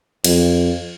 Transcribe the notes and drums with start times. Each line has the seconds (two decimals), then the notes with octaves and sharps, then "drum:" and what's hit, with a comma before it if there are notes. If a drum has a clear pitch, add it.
0.24 F2, drum: cymbal